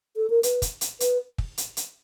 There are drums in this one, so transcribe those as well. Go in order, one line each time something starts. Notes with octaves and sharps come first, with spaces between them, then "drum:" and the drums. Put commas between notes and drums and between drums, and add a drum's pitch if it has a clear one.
A4
A#4
B4, drum: hi-hat
drum: kick, hi-hat
drum: hi-hat
B4, drum: hi-hat
drum: kick
drum: hi-hat
drum: hi-hat